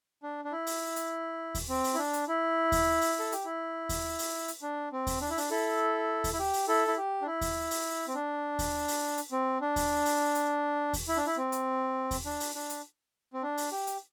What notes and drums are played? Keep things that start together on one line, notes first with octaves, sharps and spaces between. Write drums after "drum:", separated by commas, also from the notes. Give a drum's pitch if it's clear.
D4
D4
E4
drum: open hi-hat
drum: hi-hat
drum: kick D#2, open hi-hat
C4
drum: open hi-hat
E4
D4
drum: hi-hat
E4
drum: kick D#2, open hi-hat
drum: open hi-hat
A4
G4, drum: hi-hat
E4
drum: kick D#2, open hi-hat
drum: open hi-hat
drum: hi-hat
D4
C4
drum: kick D#2, open hi-hat
D4
E4
D4, drum: open hi-hat
E4 A4
drum: kick D#2, open hi-hat
E4
G4
drum: open hi-hat
E4 A4
E4
G4
D4
E4
drum: kick D#2, open hi-hat
drum: open hi-hat
C4
D4
drum: kick D#2, open hi-hat
drum: open hi-hat
drum: hi-hat
C4
D4
drum: kick D#2, open hi-hat
drum: open hi-hat
drum: hi-hat
drum: kick D#2, open hi-hat
E4
D4
E4
C4
drum: hi-hat
drum: kick D#2, open hi-hat
D4
drum: open hi-hat
D4
drum: hi-hat
C4
D4
drum: open hi-hat
G4
drum: hi-hat